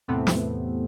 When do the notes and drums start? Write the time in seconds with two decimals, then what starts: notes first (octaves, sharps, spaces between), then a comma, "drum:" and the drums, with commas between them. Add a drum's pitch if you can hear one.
0.08 E2 A2 C3 A3 B3 C4
0.27 drum: snare